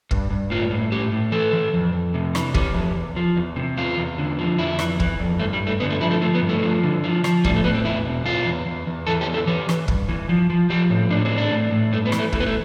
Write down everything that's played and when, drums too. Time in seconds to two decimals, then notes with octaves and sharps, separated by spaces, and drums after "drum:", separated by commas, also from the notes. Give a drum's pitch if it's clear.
0.11 G2, drum: kick
0.30 G2
0.50 A2 F4
0.71 A2
0.92 A2 G4
1.12 A2
1.32 E3 A4
1.53 E3
1.74 F2
1.93 F2
2.14 C3
2.35 E3, drum: rim click
2.54 E3 G4, drum: kick
2.75 F2
2.95 E2
3.16 F3
3.37 E2
3.56 C3
3.77 E2 F4
3.98 E2
4.18 D3
4.39 F3
4.58 F2 E4
4.79 E3, drum: rim click
5.00 E3, drum: kick
5.20 F2
5.39 G2 A3
5.53 G3
5.60 G2
5.67 A3
5.80 D3 B3
5.90 A3
6.01 F3 E4
6.11 A3
6.21 F3 A3
6.35 B3
6.41 G2
6.49 A3
6.63 F3
6.83 D3
7.04 F3
7.24 F3, drum: rim click
7.44 A2 G3, drum: kick
7.55 A3
7.64 A2 B3
7.74 C4
7.85 E2 E4
8.06 B2
8.25 E2 F4
8.46 E2
8.66 E2
8.87 E2
9.07 E3 A4
9.21 G4
9.27 E2
9.34 A4
9.47 E3 G4
9.69 E3, drum: rim click
9.88 G2, drum: kick
10.09 E3
10.29 F3
10.50 F3
10.70 F3 G4
10.90 A2
11.10 A2 D4
11.25 C4
11.31 E3
11.38 D4
11.51 A2
11.71 A2
11.92 G2 A3
12.06 B3
12.12 E3, drum: rim click
12.19 A3
12.32 E3 A3, drum: kick
12.40 B3
12.46 A3